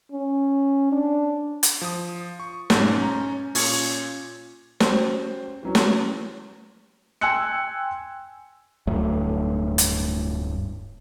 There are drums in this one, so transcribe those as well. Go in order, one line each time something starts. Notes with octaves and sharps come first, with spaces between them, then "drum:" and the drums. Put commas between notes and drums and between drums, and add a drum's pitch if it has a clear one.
C#4
D4
drum: hi-hat
F3 D#6
C#6
B1 G#2 C#4 G6 A6, drum: snare
C#4 A#5
A#2 C#4 F4 C#6 G#6, drum: open hi-hat
C#4 F#4 G4 C5, drum: snare
E3 F#3 C#4
drum: snare
G5 G#5 C6 E6 F#6 C#7
D1 G2 F#3 A3
drum: hi-hat